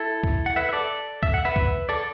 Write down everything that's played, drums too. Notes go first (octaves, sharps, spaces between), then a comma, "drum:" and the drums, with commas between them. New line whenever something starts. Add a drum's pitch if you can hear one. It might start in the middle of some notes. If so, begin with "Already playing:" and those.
Already playing: E4 A4
drum: kick C2
F#5
B4 E5
E5
A4 D5
E5, drum: kick C2
F#5
B4 E5
drum: kick C2
A4 D5